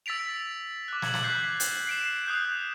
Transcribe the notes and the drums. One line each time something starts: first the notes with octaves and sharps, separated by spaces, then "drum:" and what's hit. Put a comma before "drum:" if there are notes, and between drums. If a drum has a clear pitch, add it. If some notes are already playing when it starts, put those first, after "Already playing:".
E6 A6 B6 D7 F7
D6 F#6
G#6 F#7, drum: snare
drum: snare
D6 F#6 G6 B6 C7
drum: hi-hat
C7 D7 E7
D#6 F#6 G6 C7